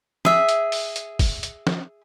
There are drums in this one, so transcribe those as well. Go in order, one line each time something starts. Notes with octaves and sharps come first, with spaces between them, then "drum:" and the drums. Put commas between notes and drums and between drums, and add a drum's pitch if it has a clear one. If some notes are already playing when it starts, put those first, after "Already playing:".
G#4 E5, drum: snare
drum: hi-hat
drum: open hi-hat
drum: hi-hat
drum: kick, open hi-hat
drum: hi-hat
drum: snare